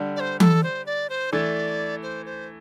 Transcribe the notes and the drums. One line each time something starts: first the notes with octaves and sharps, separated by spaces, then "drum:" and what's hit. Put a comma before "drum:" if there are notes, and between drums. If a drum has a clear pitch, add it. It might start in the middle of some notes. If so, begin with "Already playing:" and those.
Already playing: D3 G3
D5
C5
A4, drum: tom E3
C5
D5
C5
E3 A3 D5
C5
C5